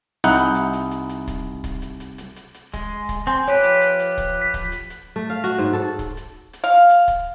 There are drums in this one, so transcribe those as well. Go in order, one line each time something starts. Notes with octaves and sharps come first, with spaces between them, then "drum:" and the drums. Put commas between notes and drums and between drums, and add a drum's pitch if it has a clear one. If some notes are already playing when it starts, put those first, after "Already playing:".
C2 D#4 E4 F#5
drum: hi-hat
drum: hi-hat
drum: hi-hat
drum: hi-hat
drum: hi-hat
drum: kick, hi-hat
drum: kick, hi-hat
drum: hi-hat
drum: hi-hat
drum: hi-hat
drum: hi-hat
drum: hi-hat
G#3, drum: kick, hi-hat
drum: kick, hi-hat
C4 G#5 C6, drum: hi-hat
F3 G4 B4 C#5, drum: hi-hat
drum: hi-hat
drum: hi-hat
drum: hi-hat
drum: kick, hi-hat
B6
drum: kick, hi-hat
drum: hi-hat
drum: hi-hat
A3
F5
F#4, drum: hi-hat
G#2
A4
drum: kick, hi-hat
drum: hi-hat
drum: hi-hat
F5
drum: hi-hat
drum: kick, hi-hat